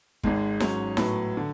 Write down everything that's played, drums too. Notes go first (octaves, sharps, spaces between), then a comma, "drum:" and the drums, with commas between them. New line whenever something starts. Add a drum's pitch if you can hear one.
G#1 G#2 G#3, drum: kick
G#2 F#3 C#4, drum: snare D#4
A2 F#3 B3, drum: snare D#4
D3